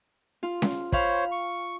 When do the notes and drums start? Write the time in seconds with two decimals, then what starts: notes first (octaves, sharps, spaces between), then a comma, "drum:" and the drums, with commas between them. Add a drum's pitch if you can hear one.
0.43 F4
0.62 drum: snare C#4
0.92 C5 C#5 F5 B5, drum: kick
1.32 C#6